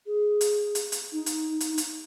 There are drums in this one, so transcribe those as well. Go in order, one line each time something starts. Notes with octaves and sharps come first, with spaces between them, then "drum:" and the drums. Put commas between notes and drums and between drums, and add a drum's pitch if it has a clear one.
G#4
drum: hi-hat
drum: hi-hat
drum: hi-hat
D#4
drum: hi-hat
drum: hi-hat
drum: hi-hat